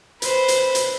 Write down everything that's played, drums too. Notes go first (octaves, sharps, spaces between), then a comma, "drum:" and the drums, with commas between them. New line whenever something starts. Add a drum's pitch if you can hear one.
B4 C5, drum: hi-hat
drum: hi-hat
drum: hi-hat